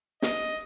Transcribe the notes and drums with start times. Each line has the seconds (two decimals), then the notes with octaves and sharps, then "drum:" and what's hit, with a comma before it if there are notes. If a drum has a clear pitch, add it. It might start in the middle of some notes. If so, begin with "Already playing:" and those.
0.22 D#5, drum: snare